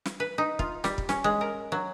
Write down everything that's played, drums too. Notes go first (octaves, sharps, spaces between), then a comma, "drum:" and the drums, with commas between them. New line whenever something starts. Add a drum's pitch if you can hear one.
drum: snare
B4
D#4
F4, drum: kick
G3, drum: snare
drum: kick
C#4, drum: snare
G#3
A#4
F#3